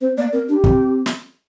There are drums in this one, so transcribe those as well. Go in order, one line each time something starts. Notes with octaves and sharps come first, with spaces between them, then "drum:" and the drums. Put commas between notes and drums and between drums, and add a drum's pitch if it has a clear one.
C4 C5
A#3 D5
C4 A#4
D4 G4
C4, drum: kick
drum: snare